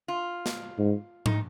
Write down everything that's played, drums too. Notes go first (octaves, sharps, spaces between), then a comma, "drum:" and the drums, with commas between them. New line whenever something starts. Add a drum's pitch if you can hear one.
F4
drum: snare
G#2
D#4, drum: tom G#2